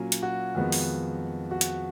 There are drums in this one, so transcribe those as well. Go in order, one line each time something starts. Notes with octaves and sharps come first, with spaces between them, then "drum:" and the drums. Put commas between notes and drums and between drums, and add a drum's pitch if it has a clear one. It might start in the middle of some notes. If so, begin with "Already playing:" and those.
Already playing: A#2 F#3 A#3 C#4 G#5
drum: hi-hat
F#4
F2 D#3 G#3 B3
drum: open hi-hat
F#4
drum: hi-hat